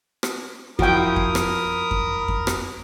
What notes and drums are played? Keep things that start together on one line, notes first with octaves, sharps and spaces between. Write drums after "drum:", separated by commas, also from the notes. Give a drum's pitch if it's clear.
drum: rim click
F3 E4 F#4 A#4 G5 B5 D#6, drum: kick F2
drum: kick F2
drum: rim click
drum: kick F2
drum: kick F2
drum: rim click